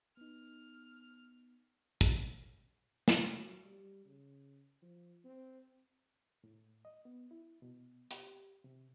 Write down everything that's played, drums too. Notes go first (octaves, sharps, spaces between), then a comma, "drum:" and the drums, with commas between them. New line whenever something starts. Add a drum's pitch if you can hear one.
B3 D#4 F6
drum: kick
drum: snare
F#3
G3
C#3
F3
C4
A2
D#5
B3
E4
B2
G4, drum: hi-hat
C3